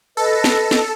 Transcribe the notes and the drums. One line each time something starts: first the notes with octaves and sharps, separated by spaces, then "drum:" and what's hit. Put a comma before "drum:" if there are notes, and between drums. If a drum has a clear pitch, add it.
A4 B4 D#5
drum: snare
drum: snare